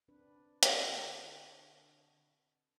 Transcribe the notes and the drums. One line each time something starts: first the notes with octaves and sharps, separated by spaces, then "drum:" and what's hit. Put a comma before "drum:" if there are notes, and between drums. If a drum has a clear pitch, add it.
C4 D4 B4
drum: hi-hat
B2 D3